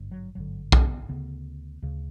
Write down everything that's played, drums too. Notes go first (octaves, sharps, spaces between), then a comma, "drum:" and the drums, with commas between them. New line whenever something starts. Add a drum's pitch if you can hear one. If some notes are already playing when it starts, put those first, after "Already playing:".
Already playing: G#1 G2 D3
F#3
G#1 G2 D3 F#3
B3, drum: kick
D2 C#3 B3
D2 C#3